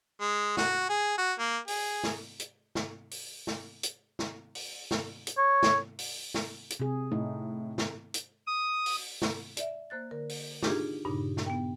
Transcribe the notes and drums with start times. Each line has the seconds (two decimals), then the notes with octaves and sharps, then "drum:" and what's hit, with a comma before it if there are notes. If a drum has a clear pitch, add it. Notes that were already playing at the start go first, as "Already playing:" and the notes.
0.21 G#3
0.57 F#4, drum: snare
0.89 G#4
1.18 F#4
1.39 A#3
1.68 G#4, drum: open hi-hat
2.04 drum: snare
2.39 drum: hi-hat
2.75 drum: snare
3.11 drum: open hi-hat
3.47 drum: snare
3.83 drum: hi-hat
4.19 drum: snare
4.55 drum: open hi-hat
4.91 drum: snare
5.27 drum: hi-hat
5.38 C#5
5.63 drum: snare
5.99 drum: open hi-hat
6.34 drum: snare
6.70 drum: hi-hat
6.80 C3 G#4
7.12 A2 D#4
7.78 drum: snare
8.14 drum: hi-hat
8.47 D#6
8.86 drum: open hi-hat
9.22 drum: snare
9.57 D5 E5, drum: hi-hat
9.90 A#3 C5 F#6 A6
10.11 D3 A#4
10.29 drum: open hi-hat
10.63 D4 D#4 F4 G4 G#4, drum: snare
11.05 G2 A#2 C#3 D4 D#4
11.37 drum: snare
11.46 B3 G5